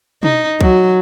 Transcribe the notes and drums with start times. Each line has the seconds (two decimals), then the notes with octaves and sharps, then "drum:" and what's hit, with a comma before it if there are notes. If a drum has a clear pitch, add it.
0.23 D#4, drum: tom B2
0.61 F#3, drum: kick C2